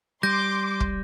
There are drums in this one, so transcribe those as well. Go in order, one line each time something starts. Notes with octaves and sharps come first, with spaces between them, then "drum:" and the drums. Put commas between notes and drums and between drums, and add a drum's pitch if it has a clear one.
G3 C6 D6 G6 A#6
drum: kick